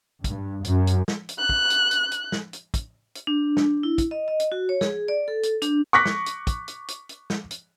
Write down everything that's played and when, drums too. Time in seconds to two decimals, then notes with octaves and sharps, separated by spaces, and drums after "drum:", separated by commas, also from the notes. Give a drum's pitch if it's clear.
0.24 G2, drum: kick, hi-hat
0.65 F#2, drum: hi-hat
0.87 drum: hi-hat
1.08 drum: snare
1.29 drum: hi-hat
1.39 F#6
1.49 drum: kick
1.70 drum: hi-hat
1.91 drum: hi-hat
2.12 drum: hi-hat
2.32 drum: snare
2.53 drum: hi-hat
2.74 drum: kick, hi-hat
3.15 drum: hi-hat
3.27 D4
3.57 drum: snare
3.83 E4
3.98 drum: kick, hi-hat
4.11 D#5
4.28 D#5
4.40 drum: hi-hat
4.52 F#4
4.69 C#5
4.81 G#4, drum: snare
5.08 D5
5.28 A4
5.43 drum: hi-hat
5.62 D4, drum: hi-hat
5.93 C#6 D6 F#6 A#6 B6
6.05 drum: snare
6.26 drum: hi-hat
6.47 drum: kick, hi-hat
6.68 drum: hi-hat
6.88 drum: hi-hat
7.09 drum: hi-hat
7.30 drum: snare
7.51 drum: hi-hat